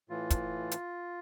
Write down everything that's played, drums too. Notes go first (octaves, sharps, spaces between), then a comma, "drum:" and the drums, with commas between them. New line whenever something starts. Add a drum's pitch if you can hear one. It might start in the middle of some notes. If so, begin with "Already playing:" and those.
A2 E3 F4
drum: kick, hi-hat
drum: hi-hat